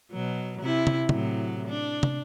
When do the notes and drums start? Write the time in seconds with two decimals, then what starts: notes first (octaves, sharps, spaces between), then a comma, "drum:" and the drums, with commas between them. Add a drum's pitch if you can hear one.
0.12 B2 F#3
0.61 C3 E4
0.87 drum: tom
1.09 A2 C3 F#3, drum: tom
1.68 D4
2.03 drum: tom